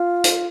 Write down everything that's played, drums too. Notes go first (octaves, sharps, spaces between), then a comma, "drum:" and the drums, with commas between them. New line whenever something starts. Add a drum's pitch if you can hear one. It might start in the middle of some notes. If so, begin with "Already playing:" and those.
Already playing: F4
drum: hi-hat